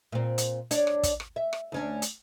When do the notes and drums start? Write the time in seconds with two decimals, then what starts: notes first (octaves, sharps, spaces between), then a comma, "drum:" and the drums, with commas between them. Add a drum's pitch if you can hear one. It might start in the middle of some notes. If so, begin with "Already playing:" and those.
0.12 A#2 C4
0.38 drum: hi-hat
0.71 D4 C#5 D5, drum: hi-hat
0.87 drum: rim click
1.03 drum: kick, hi-hat
1.20 drum: rim click
1.36 E5
1.53 drum: rim click
1.72 D2 C#4 D4
2.02 drum: hi-hat